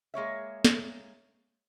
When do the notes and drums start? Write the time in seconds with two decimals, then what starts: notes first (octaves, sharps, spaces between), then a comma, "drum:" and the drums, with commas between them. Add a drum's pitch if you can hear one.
0.14 G#3 A#3 C#5 E5
0.65 drum: snare